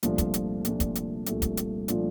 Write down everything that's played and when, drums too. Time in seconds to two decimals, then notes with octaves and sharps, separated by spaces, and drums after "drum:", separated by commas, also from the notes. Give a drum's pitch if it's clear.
0.03 C2 A#2 F3 A3 D4, drum: hi-hat
0.18 drum: kick, hi-hat
0.34 drum: hi-hat
0.65 C2 A#2 F3 A3 D4, drum: hi-hat
0.80 drum: kick, hi-hat
0.95 drum: hi-hat
1.26 C2 A#2 F3 A3 D4, drum: hi-hat
1.42 drum: kick, hi-hat
1.57 drum: hi-hat
1.88 A#2 F3 A3 D4, drum: hi-hat